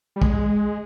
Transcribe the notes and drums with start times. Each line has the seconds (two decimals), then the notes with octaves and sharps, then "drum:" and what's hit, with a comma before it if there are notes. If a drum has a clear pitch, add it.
0.16 G3
0.22 G#3, drum: kick